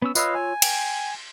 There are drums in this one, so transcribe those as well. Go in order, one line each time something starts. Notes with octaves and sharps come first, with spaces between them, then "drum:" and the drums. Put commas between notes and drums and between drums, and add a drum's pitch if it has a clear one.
B3 C#4 E6
F4 B4 C#5 D#5 F5 E6, drum: tambourine
G#5
G5, drum: cymbal